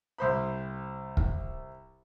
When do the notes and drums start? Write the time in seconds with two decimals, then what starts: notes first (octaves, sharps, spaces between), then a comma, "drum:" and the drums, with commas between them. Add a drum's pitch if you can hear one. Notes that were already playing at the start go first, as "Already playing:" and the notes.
0.18 C2 C5 B5
1.17 drum: kick